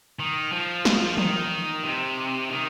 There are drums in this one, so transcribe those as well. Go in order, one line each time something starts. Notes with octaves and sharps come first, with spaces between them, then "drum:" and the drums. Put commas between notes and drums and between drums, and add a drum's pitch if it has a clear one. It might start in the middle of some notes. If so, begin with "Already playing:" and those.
D#3
F3
drum: snare
D#3, drum: tom
C3
D#3